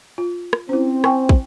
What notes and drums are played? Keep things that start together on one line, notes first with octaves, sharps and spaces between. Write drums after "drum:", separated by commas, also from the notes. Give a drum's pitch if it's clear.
F4
drum: rim click
C4 C#4 E4
G5 G#5 C#6, drum: rim click
drum: kick